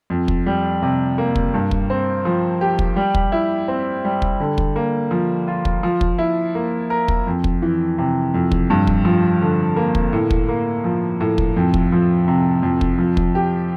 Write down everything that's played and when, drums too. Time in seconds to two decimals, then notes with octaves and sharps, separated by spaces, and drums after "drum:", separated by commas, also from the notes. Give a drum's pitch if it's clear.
0.10 F2
0.28 drum: kick
0.46 G3
0.82 C3
1.18 A#3
1.36 drum: kick
1.54 G2
1.71 drum: kick
1.90 C4
2.25 F3
2.61 G4
2.79 drum: kick
2.96 G3
3.15 drum: kick
3.32 E4
3.68 C4
4.05 G3
4.22 drum: kick
4.40 D3
4.58 drum: kick
4.76 A#3
5.11 F3
5.48 F4
5.65 drum: kick
5.83 F3
6.01 drum: kick
6.18 E4
6.55 A#3
6.90 A#4
7.08 drum: kick
7.27 F2
7.44 drum: kick
7.62 E3
7.98 C3
8.34 F2
8.52 drum: kick
8.70 G2
8.87 drum: kick
9.05 F3
9.41 D3
9.76 A#3
9.95 drum: kick
10.13 A2
10.31 drum: kick
10.49 A#3
10.84 F3
11.20 A2
11.38 drum: kick
11.56 F2
11.74 drum: kick
11.92 F3
12.28 C3
12.63 F2
12.81 drum: kick
12.99 F3
13.17 drum: kick
13.35 G4